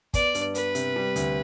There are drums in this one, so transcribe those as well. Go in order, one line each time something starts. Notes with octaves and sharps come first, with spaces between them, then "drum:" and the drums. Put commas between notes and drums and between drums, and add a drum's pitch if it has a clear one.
B3 D5, drum: kick, hi-hat
G2, drum: hi-hat
B3 B4, drum: hi-hat
C3, drum: hi-hat
G3
D2, drum: hi-hat